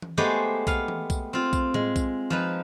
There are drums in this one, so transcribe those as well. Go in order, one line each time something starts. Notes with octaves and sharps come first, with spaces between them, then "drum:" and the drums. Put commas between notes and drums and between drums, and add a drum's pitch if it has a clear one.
drum: tom E3
G#3 A3 B3 G4 B4 C5
B3 F5, drum: kick B1, tambourine
drum: tom E3
drum: kick B1, tambourine
C4 F4
drum: kick B1, tambourine
G#3, drum: tom A2
drum: kick B1, tambourine
F3 D#4 B4